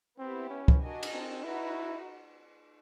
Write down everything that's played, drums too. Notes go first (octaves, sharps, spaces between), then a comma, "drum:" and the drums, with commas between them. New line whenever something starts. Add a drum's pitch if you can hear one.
B3 C4 E4 G4
C#4
drum: kick
D4 F#4 A#4 D#5 G#5
drum: cymbal
C4
D#4 E4 F#4 B4